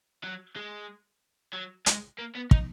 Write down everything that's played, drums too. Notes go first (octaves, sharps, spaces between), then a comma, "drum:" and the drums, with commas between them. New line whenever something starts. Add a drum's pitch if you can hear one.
F#3
G#3
F#3
G#3, drum: hi-hat
A#3
B3
D#4, drum: kick